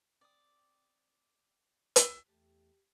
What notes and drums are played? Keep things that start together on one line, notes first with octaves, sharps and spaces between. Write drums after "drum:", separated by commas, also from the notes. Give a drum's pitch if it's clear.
C4 D5 D#6
drum: hi-hat
E2 A3 G4 A5